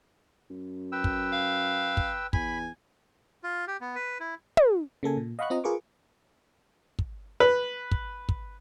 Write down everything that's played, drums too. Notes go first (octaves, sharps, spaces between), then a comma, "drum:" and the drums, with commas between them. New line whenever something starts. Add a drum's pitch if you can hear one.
F#2
B4 G5 E6
drum: kick
F5
drum: kick
E2 G#5 B5, drum: kick
F4
G4
B3
B4
E4
drum: tom
C#3 A#3 A4 G#5
A#2
D#5 F5 F#5 B5 C#6 F#6
C4 F4 D#5 A#5
F4 G#4 A#4 B4 C#6 D6
drum: kick
B4
drum: kick
drum: kick